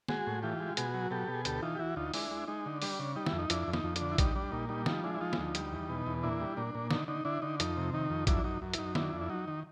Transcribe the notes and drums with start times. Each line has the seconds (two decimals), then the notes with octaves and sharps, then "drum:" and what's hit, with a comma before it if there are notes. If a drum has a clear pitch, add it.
0.08 G#3 F#4 G#4, drum: snare
0.27 A2
0.43 E3 F4 G4
0.60 G#3
0.77 B2 F#4 G#4, drum: hi-hat
0.94 F#3
1.11 B2 G4 A4
1.28 B2
1.34 G#4
1.45 D2 G4 A4, drum: hi-hat
1.62 E3 D#4 F4
1.75 G4
1.79 E3 E4 F#4
1.96 D2 D#4 F4
2.14 G#3 D4 E4, drum: open hi-hat
2.31 G#3
2.48 G#3 D#4
2.65 D3
2.82 G3 D4, drum: open hi-hat
2.99 C#3
3.16 G3 D#4
3.26 E4, drum: snare
3.32 F2
3.39 D#4
3.50 F2 D4 E4, drum: hi-hat
3.68 F2
3.73 D#4, drum: snare
3.84 F2
3.96 D4, drum: hi-hat
4.01 D3
4.12 E4
4.18 G3 D#4, drum: kick A#1, hi-hat
4.36 G3 D4
4.52 A#2 D#4
4.69 G3 D#4
4.86 F3 D#4, drum: snare
5.04 G#3 D4 E4
5.15 E4
5.21 F3 D#4 F4
5.33 E4, drum: snare
5.37 D2 D#4
5.55 G3, drum: hi-hat
5.71 E2
5.89 B2
6.06 E2
6.23 A#2 D4 E4
6.41 G3
6.57 A#2 D4
6.75 A#2
6.91 D3 D#4, drum: snare
7.08 D3 D#4
7.25 D3 D4 E4
7.42 D3 D#4
7.60 F2 D#4, drum: hi-hat
7.77 C3
7.93 D#3 D#4
8.10 F2
8.27 F#2 D4 E4, drum: kick A#1, hi-hat
8.44 F#2 D#4
8.62 F#2
8.74 E4, drum: hi-hat
8.78 F#2 D#4
8.95 D#3 D4 E4, drum: snare
9.13 F2
9.21 E4
9.29 F#3 D#4
9.48 D#3